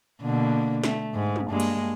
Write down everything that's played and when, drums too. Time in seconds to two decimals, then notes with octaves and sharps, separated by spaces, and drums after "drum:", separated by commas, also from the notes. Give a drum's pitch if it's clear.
0.22 B2 D3 A#3
0.84 A3, drum: snare
1.14 G#2
1.36 drum: tom
1.51 G2 G#3 A#3
1.60 drum: cymbal